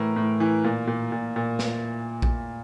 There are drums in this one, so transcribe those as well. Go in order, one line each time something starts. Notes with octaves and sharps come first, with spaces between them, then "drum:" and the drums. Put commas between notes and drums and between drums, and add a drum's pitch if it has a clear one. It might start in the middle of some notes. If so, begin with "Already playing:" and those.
Already playing: A2 E3 A#4
A2
E3
A#2
A#2
A#2
A#2
drum: snare
drum: kick A#1